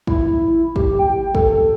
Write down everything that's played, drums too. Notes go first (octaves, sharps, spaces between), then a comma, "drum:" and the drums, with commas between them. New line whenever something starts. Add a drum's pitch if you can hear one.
E4, drum: kick
G4, drum: kick
G5
A4, drum: kick